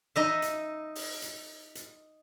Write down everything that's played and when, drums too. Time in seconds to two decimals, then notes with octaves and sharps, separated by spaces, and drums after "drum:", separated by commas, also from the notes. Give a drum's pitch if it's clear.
0.16 D#4 D#5 E5
0.42 drum: hi-hat
0.95 drum: open hi-hat
1.22 drum: hi-hat
1.75 drum: hi-hat